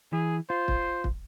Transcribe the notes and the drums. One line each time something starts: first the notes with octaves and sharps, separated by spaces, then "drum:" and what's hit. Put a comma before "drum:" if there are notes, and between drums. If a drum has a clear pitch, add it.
E3 G#4
F4 C5
drum: kick
drum: kick